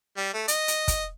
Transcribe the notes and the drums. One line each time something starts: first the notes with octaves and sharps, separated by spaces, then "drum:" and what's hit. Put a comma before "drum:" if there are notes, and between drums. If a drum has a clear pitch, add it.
G3
A3
D#5, drum: hi-hat
drum: hi-hat
drum: kick, hi-hat